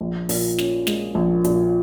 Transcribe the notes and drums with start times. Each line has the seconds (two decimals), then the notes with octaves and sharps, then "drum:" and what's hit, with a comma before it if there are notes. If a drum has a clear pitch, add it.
0.01 A#1
0.29 A#2, drum: open hi-hat
0.58 C#4, drum: snare
0.87 G#3, drum: snare
1.15 A#1
1.44 A#2, drum: hi-hat